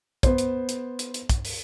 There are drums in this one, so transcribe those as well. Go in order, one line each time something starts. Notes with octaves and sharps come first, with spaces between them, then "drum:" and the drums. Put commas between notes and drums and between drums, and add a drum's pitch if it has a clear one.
B3 C5, drum: kick, hi-hat
drum: hi-hat
drum: hi-hat
drum: hi-hat
drum: hi-hat
drum: kick, hi-hat
drum: open hi-hat